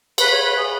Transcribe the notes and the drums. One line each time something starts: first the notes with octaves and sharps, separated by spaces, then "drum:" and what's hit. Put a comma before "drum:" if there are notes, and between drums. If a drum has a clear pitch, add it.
B4, drum: cymbal
C#5
B4
G#4